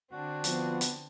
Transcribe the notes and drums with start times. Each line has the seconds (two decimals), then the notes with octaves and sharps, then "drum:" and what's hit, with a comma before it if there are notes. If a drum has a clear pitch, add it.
0.12 D3 C4 D4 F#4
0.44 F3 B3, drum: hi-hat
0.81 drum: hi-hat